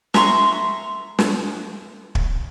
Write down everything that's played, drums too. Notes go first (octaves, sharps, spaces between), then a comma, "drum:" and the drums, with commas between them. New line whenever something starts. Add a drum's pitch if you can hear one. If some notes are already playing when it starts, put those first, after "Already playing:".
E5 A#5 C6 C#6, drum: snare
drum: snare
drum: kick